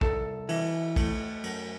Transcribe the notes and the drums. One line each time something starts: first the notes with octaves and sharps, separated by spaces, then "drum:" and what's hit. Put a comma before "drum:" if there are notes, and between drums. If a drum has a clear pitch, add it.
C2 A4, drum: kick
E3, drum: cymbal
A3, drum: kick, cymbal
F#2, drum: cymbal